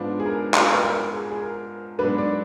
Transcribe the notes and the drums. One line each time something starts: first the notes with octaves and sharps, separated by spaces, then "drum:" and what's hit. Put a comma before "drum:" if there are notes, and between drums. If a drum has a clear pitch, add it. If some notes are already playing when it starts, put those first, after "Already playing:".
Already playing: G#2 F3 B3 D4
G#4
A#4
drum: clap
B4
A#4
G#4
G#4
A#4
G#2 F#3 B3 D4 B4
D4 D5